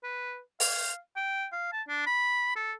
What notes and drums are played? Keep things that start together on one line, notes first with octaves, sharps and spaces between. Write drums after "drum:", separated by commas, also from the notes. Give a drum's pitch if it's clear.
B4
F5, drum: open hi-hat
G5
F5
A5
D4
B5
A4